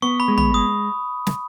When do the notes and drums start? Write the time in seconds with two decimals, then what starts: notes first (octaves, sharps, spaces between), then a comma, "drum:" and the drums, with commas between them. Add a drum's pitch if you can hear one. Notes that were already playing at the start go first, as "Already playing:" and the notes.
0.02 B3 C#6
0.20 B5
0.28 G#3
0.38 B5, drum: tom
0.54 G#3 D#6
1.27 drum: snare